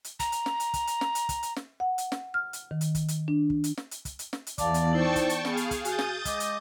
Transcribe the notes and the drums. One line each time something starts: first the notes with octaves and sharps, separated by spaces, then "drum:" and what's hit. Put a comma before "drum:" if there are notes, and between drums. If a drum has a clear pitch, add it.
drum: hi-hat
A#5, drum: kick, hi-hat
drum: hi-hat
drum: snare
drum: hi-hat
drum: kick, hi-hat
drum: hi-hat
drum: snare
drum: hi-hat
drum: kick, hi-hat
drum: hi-hat
drum: snare
F#5
drum: hi-hat
drum: snare
F6
drum: hi-hat
D#3
drum: hi-hat
drum: kick, hi-hat
drum: hi-hat
D4
drum: kick
drum: hi-hat
drum: snare
drum: hi-hat
drum: kick, hi-hat
drum: hi-hat
drum: snare
drum: hi-hat
E2 D5 F5 A5 D6, drum: kick, hi-hat
drum: hi-hat
D#4 E4 C5 G5 A5 C#6
drum: kick, hi-hat
drum: hi-hat
B3 G#4 F5, drum: snare
drum: hi-hat
drum: kick, hi-hat
F#4 G#5 D#6 G6 A6, drum: hi-hat
drum: snare
G#3 D#5 D6, drum: kick, hi-hat
drum: hi-hat